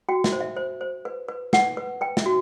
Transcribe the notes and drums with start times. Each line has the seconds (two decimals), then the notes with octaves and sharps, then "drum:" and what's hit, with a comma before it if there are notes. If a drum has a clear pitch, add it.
0.09 F#4 G5
0.24 E5, drum: snare
0.32 C5
0.40 E5
0.56 C5
0.81 C5
1.05 B4
1.28 B4
1.53 B4 F#5, drum: snare
1.77 B4
2.01 B4 G5
2.17 E5, drum: snare
2.26 F#4